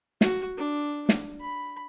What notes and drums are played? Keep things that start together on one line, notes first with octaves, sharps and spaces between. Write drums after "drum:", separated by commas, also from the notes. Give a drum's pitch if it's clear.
F#4, drum: snare
D4
drum: snare
B5